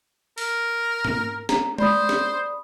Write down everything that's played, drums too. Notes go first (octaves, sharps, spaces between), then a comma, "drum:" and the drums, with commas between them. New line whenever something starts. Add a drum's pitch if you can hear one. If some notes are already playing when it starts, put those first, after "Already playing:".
A#4, drum: open hi-hat
drum: tom G#2
A#5, drum: snare
C5 D5 B5 D#6, drum: tom G#3
drum: snare